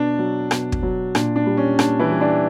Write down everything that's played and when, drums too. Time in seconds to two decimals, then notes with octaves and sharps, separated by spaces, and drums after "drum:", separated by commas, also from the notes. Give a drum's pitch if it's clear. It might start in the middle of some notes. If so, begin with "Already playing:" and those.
Already playing: B2 D4
0.19 F#3
0.51 B2, drum: rim click
0.72 drum: kick
0.83 F#3
1.15 A#2 D4, drum: rim click
1.36 D4
1.46 G3
1.57 C#4
1.79 A#2 D4, drum: rim click
1.99 E3 E4
2.11 G3
2.21 D4 D5